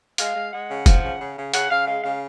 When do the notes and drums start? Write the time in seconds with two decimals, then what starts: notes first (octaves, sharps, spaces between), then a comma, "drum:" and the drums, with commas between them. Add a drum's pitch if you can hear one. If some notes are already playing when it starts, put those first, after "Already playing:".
0.18 G#3 F5, drum: hi-hat
0.35 G#3
0.52 G#3 F#5
0.69 C#3
0.86 F3, drum: kick F#1, hi-hat
1.03 C#3
1.20 C#3
1.36 C#3
1.54 C#3 F#5, drum: hi-hat
1.70 C#3 F5
1.86 G#3 F5
2.03 C#3 F5